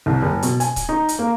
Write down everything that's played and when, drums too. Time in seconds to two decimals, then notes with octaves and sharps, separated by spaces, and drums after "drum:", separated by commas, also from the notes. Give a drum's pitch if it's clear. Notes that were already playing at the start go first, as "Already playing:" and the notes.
0.06 C2
0.22 F#1
0.43 B2, drum: hi-hat
0.60 G#5, drum: hi-hat
0.76 drum: kick C#1, hi-hat
0.89 D#4
1.09 drum: hi-hat
1.19 A#3